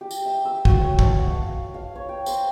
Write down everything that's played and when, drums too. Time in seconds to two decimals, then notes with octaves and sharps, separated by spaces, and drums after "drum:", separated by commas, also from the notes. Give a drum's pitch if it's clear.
0.01 G4
0.11 drum: tambourine
0.25 E5
0.45 E6
0.65 F#4, drum: kick
0.80 C#5
0.99 A5, drum: kick
1.18 F#5
1.31 F5
1.74 F5
1.95 C#5
2.09 G5
2.26 C5, drum: tambourine